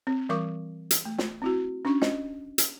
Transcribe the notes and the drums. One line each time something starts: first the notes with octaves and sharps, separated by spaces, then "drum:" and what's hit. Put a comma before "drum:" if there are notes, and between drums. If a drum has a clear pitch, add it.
C4
E3 G3 A#4 C#6 D6
drum: hi-hat
A3
drum: snare
C4 E4 F#4
C#4 D4 C#6
D#5, drum: snare
drum: hi-hat